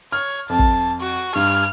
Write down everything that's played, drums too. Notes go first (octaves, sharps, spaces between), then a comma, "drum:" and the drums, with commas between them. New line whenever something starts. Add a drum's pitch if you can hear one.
C#5 F6
F2 A5
drum: kick
F#4
G2 F6